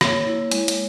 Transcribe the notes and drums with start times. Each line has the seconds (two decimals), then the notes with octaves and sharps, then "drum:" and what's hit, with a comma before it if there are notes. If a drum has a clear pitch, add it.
0.01 A#3 C#5, drum: rim click
0.26 E4
0.51 G#3, drum: hi-hat
0.68 drum: hi-hat